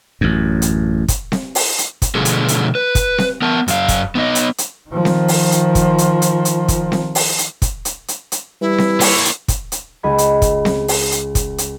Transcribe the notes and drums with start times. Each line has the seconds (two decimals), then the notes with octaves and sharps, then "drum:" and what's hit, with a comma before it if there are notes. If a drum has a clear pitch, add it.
0.21 A1 F#2
0.62 drum: hi-hat
1.08 drum: kick, hi-hat
1.32 drum: snare C4
1.55 drum: open hi-hat
1.78 drum: hi-hat
2.02 drum: kick, hi-hat
2.15 B2 D3 F3 A3 G#4
2.25 drum: hi-hat
2.48 drum: hi-hat
2.75 B4
2.95 drum: kick, hi-hat
3.18 drum: snare C4
3.42 B3 A#4 A5
3.68 F#2 F5, drum: hi-hat
3.88 drum: kick, hi-hat
4.15 B3 D#4 D#5
4.35 drum: hi-hat
4.58 drum: hi-hat
4.90 D#3 F3
5.05 drum: snare C4
5.28 drum: open hi-hat
5.52 drum: hi-hat
5.75 drum: kick, hi-hat
5.98 drum: hi-hat
6.22 drum: hi-hat
6.45 drum: hi-hat
6.68 drum: kick, hi-hat
6.92 drum: snare C4
7.15 drum: open hi-hat
7.38 drum: hi-hat
7.62 drum: kick, hi-hat
7.85 drum: hi-hat
8.08 drum: hi-hat
8.32 drum: hi-hat
8.61 E3 G3 E4
8.78 drum: snare C4
9.01 A#3 C#5, drum: open hi-hat
9.25 drum: hi-hat
9.48 drum: kick, hi-hat
9.72 drum: hi-hat
10.03 C#2 G#4 D#5 B5 G#6
10.18 drum: hi-hat
10.42 drum: kick, hi-hat
10.65 drum: snare C4
10.88 drum: open hi-hat
11.12 drum: hi-hat
11.35 drum: kick, hi-hat
11.58 drum: hi-hat